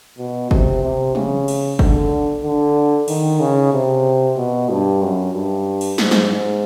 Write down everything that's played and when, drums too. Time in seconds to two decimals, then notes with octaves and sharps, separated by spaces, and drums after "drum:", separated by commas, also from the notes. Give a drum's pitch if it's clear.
0.18 B2
0.51 C3, drum: kick F#1
0.83 C3
1.15 C#3, drum: tom
1.48 drum: cymbal
1.79 D3, drum: kick F#1
2.44 D3
3.08 D#3, drum: cymbal
3.40 C#3
3.73 C3
4.37 B2
4.70 G2
5.02 F#2
5.33 G2
5.81 drum: cymbal
5.98 G#2, drum: snare
6.11 drum: snare
6.30 G#2